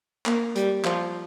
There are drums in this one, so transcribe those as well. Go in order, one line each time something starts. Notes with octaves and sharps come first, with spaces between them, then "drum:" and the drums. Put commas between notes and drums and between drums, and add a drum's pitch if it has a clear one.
A#3, drum: clap
G3, drum: hi-hat
F3, drum: clap